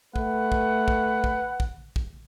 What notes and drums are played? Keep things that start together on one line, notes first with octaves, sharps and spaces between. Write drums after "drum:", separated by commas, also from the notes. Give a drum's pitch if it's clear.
A3 B4 F#5, drum: kick
drum: kick
drum: kick
drum: kick
drum: kick
drum: kick